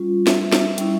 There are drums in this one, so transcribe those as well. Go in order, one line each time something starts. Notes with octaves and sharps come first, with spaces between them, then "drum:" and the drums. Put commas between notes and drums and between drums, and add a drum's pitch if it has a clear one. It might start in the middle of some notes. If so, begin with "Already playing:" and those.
Already playing: G3 C#4 F4
E5, drum: snare
drum: snare
G3 C#4 E4, drum: hi-hat